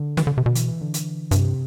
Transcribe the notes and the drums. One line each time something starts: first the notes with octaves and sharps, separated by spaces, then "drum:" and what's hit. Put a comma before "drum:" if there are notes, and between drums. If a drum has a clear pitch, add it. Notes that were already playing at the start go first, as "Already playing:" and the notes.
Already playing: D3
E3, drum: snare
D3
C3
B2
E3, drum: hi-hat
E3
D3
drum: hi-hat
G2 C3, drum: hi-hat